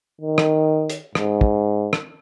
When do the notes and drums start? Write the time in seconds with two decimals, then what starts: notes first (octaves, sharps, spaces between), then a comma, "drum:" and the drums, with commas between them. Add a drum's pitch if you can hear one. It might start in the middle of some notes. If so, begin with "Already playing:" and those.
0.21 D#3
0.38 drum: rim click
0.90 drum: hi-hat
1.15 G#2, drum: rim click
1.41 drum: kick
1.93 drum: rim click